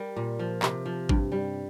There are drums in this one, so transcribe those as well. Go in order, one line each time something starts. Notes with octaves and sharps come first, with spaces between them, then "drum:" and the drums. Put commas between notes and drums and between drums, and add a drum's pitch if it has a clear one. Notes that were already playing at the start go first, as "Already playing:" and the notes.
Already playing: G3 A#4
A#2
F3
C3, drum: clap
F3
G2, drum: kick G#1
G3